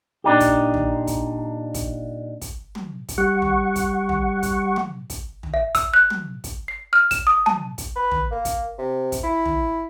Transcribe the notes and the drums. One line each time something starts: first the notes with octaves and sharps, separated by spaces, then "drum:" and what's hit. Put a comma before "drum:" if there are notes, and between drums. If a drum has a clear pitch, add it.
A#2 D4 D#4 G4
drum: kick, hi-hat
drum: tom
drum: kick, hi-hat
drum: kick, hi-hat
drum: kick, hi-hat
drum: tom
drum: kick, hi-hat
G3 F#5 C#6
drum: tom
drum: kick, hi-hat
drum: tom
drum: kick, hi-hat
drum: tom
drum: kick, hi-hat
drum: tom
E5
E6, drum: kick, hi-hat
F#6
drum: tom
drum: kick, hi-hat
C7
F6
E7, drum: kick, hi-hat
D#6
A5, drum: tom
drum: kick, hi-hat
B4
drum: tom
A#3
drum: kick, hi-hat
C3
drum: kick, hi-hat
E4
drum: tom